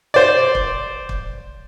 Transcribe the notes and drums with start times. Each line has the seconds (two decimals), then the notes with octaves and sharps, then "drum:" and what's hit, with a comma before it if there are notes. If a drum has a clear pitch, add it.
0.14 C5 D5
0.55 drum: kick
1.09 drum: kick